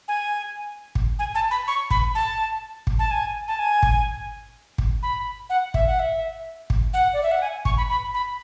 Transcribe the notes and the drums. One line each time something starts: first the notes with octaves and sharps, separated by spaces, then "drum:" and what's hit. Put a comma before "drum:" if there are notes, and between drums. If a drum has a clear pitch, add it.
G#5
drum: kick
G#5
A5
B5
C#6
B5, drum: kick
A5
drum: kick
A5
G#5
A5
G#5
drum: kick
drum: kick
B5
F#5
E5, drum: kick
F#5
E5
drum: kick
F#5
D5
E5
F#5
G#5
C#6, drum: kick
B5
B5
B5